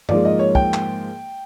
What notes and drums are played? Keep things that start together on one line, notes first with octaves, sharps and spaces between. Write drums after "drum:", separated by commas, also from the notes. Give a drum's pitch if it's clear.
G#2 F3 A#3 D5, drum: tom G2
D#5
C#5
G5, drum: kick
drum: clap